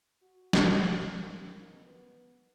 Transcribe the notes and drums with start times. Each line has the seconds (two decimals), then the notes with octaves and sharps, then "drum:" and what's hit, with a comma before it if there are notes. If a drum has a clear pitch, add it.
0.23 F#4
0.53 drum: snare
1.02 D#3
1.72 B3